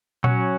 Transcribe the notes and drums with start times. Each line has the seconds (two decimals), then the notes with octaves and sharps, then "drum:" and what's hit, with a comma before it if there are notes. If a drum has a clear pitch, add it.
0.24 F#3 C#4 F#4, drum: tom A#2